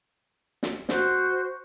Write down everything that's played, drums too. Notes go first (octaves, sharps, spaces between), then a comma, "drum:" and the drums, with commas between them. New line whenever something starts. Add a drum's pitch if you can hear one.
drum: snare
F#4 C5, drum: snare